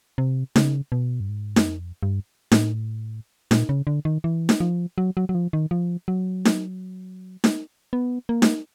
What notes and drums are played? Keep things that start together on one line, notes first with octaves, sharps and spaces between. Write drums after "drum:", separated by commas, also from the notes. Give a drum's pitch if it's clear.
C3
C#3, drum: snare D#4
B2
G2
G#2
F#2, drum: snare D#4
F2
G2
A2, drum: snare D#4
A#2, drum: snare D#4
C#3
D3
D#3
E3
drum: snare D#4
F3
F#3
F#3
F#3
F3
D#3
F3
F#3
drum: snare D#4
drum: snare D#4
B3
A#3
drum: snare D#4